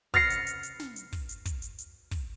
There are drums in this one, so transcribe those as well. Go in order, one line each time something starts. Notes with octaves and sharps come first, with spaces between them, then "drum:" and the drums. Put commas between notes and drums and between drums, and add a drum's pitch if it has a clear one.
F6 A6 A#6 C7 C#7, drum: kick, open hi-hat
drum: hi-hat
drum: hi-hat
drum: hi-hat
drum: snare
drum: hi-hat
drum: kick, open hi-hat
drum: hi-hat
drum: kick, hi-hat
drum: hi-hat
drum: hi-hat
drum: kick, open hi-hat